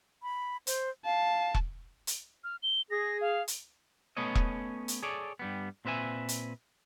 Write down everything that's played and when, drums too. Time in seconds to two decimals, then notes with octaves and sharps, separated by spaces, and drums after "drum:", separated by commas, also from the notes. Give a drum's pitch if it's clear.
0.23 B5
0.67 C5, drum: hi-hat
1.05 F5 A5
1.54 drum: kick E1
2.07 drum: hi-hat
2.44 F6
2.63 G7
2.90 G#4 A#6
3.21 F5
3.48 drum: hi-hat
4.17 A3 B3 C#4 C#5 D#5
4.35 drum: kick E1
4.88 drum: hi-hat
5.03 G#4 A4 C#5 D5
5.39 G2 G3 B3
5.85 A#2 C4 B4 E5 G#5
6.28 drum: hi-hat